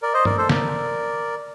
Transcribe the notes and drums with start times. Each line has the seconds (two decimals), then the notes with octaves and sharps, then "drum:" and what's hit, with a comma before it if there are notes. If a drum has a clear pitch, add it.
0.02 A#4 D5
0.14 C5 D#5
0.25 A#4 D5, drum: tom G2
0.37 A4 C5
0.49 A#4 D5, drum: snare